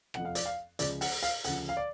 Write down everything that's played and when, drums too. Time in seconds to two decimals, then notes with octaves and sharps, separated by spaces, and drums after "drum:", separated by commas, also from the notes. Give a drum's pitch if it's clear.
0.14 F1 F2 F3 F#5, drum: rim click
0.25 F5
0.35 D5, drum: hi-hat
0.46 F5
0.79 C#2 C#3 F3 D5, drum: hi-hat
1.01 F#5, drum: open hi-hat
1.23 F5, drum: hi-hat
1.45 D2 C#3 F3 F#5, drum: hi-hat
1.69 F5
1.77 D5